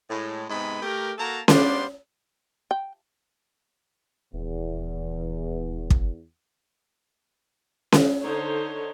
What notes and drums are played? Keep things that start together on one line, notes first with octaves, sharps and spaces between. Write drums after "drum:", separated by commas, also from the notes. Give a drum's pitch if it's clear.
A2 G#3
G#2 C3 G#3 B3 G#4 B5
A3 G4 A#4
A#3 F#4 A4 A#4 A5 A#5
G3 B3 D4 C5 F5 C6, drum: snare C#4
G5
D#1 E2
drum: kick
drum: snare C#4
D3 D#4 C5 C#5